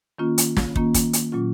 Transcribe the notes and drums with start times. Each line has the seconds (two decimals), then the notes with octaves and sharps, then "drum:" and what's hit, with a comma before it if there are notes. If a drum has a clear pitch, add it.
0.18 D#3 A#3 C#4 F4
0.38 drum: hi-hat
0.57 drum: snare
0.76 D#3 A#3 C#4 F4, drum: kick
0.94 drum: kick, hi-hat
1.13 drum: hi-hat
1.32 A#2 F#3 C#4 F4